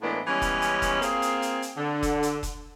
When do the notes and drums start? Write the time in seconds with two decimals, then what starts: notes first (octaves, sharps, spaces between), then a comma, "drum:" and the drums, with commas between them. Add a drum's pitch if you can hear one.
0.02 A2 E3 G#3 A#3 B3 D4
0.27 E3 G3 G#3 B3 C#4
0.42 drum: kick F1, hi-hat
0.62 drum: hi-hat
0.82 drum: kick F1, hi-hat
1.02 A#3 C4 F4 G#4, drum: hi-hat
1.22 drum: hi-hat
1.42 drum: hi-hat
1.62 drum: hi-hat
1.77 D3
2.03 drum: kick F1, hi-hat
2.23 drum: hi-hat
2.43 drum: kick F1, hi-hat